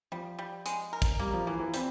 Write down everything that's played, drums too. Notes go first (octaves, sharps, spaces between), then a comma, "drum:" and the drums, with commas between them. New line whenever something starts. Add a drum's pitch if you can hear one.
F3 G3
G3
G#3, drum: hi-hat
A#4
drum: kick, hi-hat
G3 A#3
F3
E3 A#3
E3
G3 C4, drum: hi-hat